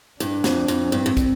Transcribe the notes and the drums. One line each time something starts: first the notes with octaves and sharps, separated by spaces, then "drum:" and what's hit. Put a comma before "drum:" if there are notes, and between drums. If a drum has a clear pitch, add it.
G2 D4, drum: hi-hat
F2, drum: snare
F2, drum: hi-hat
G2 C4
G2
drum: kick, hi-hat